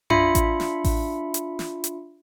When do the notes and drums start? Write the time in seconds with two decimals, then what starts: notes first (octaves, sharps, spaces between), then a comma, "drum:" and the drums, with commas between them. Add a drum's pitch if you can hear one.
0.10 D4 F4 E5 B5 C#7, drum: tom F#2
0.35 drum: kick A1, hi-hat
0.60 drum: snare
0.84 drum: kick A1, open hi-hat
1.34 drum: hi-hat
1.59 drum: snare
1.84 drum: hi-hat